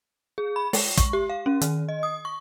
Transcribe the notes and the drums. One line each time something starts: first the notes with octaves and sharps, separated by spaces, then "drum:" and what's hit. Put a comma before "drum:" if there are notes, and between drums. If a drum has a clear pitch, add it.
G#4
B5
G#3, drum: open hi-hat
C#6, drum: kick, hi-hat
G4
F5
C#4
D#3, drum: hi-hat
D#5
D#6
C#6